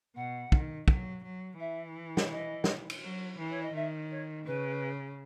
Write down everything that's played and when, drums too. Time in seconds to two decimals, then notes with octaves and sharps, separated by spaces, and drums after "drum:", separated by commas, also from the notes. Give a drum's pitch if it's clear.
0.16 B2 F#5
0.52 D#3, drum: kick
0.88 F#3, drum: kick
1.24 F#3
1.59 E3 E5
2.17 drum: snare
2.31 D#5
2.64 drum: snare
2.90 drum: cymbal
3.03 F#3
3.38 E3
3.49 C#5
3.61 D#5
3.74 D#3 E5
4.10 C#5
4.46 C#3 B4